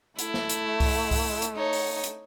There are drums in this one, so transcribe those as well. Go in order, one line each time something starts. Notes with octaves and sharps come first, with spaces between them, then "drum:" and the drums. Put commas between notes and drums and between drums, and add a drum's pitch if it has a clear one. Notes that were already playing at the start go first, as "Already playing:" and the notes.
A3 E4, drum: hi-hat
drum: snare
drum: hi-hat
drum: kick C2, open hi-hat
drum: kick C2, open hi-hat
drum: hi-hat
D#4 C#5
drum: open hi-hat
drum: hi-hat